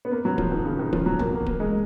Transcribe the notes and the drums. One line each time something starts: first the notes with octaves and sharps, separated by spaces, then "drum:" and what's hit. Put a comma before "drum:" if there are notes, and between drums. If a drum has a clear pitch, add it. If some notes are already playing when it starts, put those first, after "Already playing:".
B3
A#3
F#3
F3, drum: kick D1
D#3
C#3
D#3
F3, drum: kick D1
F#3
A#3, drum: tom B1
A#3
A#3, drum: kick D1
G#3